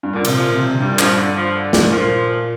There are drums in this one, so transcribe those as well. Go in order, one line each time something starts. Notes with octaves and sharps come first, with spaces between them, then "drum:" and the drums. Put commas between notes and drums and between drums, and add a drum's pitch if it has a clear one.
G2
A#2 D3
C3 F3, drum: cymbal
A#2
C3
C3
G2 G3
A#2
G2 F3, drum: clap
D3
F3
D3
D3, drum: snare
A#2 F3